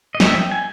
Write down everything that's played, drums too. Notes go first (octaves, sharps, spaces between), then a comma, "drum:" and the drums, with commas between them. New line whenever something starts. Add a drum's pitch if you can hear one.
D#5
G3 A#3 C#4, drum: snare
E5
G5
G#5